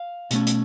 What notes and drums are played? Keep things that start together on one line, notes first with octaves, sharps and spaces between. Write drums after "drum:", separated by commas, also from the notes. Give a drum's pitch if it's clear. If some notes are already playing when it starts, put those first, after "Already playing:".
Already playing: F5
B2 A3 C#4, drum: hi-hat
drum: hi-hat